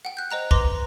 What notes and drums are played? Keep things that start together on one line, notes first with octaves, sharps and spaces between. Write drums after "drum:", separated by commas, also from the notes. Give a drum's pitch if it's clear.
F#5 G5
F#6 G6
C5 D#5 A#5 F#6
B4 A#5 C6 D6 A#6, drum: kick